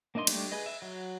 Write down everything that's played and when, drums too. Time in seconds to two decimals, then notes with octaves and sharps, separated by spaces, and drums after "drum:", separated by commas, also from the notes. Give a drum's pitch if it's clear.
0.15 A#3 D4 D#4 D#5 C6
0.27 G3 A3 D4 G4, drum: cymbal
0.52 G#4 B4 D#5
0.66 E5
0.82 F#3